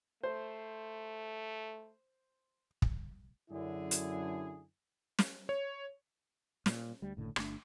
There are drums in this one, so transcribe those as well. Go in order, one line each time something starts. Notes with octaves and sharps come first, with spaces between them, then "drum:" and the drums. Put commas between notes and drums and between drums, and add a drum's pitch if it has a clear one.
A3 C5
drum: kick
F#2 D3 E4 G#4
drum: hi-hat
drum: snare
C#5
A#2, drum: snare
D2 G3
F#1 A2 D3
G1 A3 D4, drum: rim click